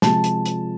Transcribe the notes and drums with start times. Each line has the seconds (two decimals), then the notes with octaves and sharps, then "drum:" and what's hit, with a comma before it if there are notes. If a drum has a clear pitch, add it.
0.02 C3 F3 G#3 A5, drum: snare
0.24 drum: hi-hat
0.46 drum: hi-hat